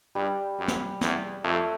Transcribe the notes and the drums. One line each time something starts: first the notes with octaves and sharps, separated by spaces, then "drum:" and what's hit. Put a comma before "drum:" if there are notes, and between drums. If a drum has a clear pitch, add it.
G2 G3
F#2
drum: snare
E2, drum: snare
F2 A3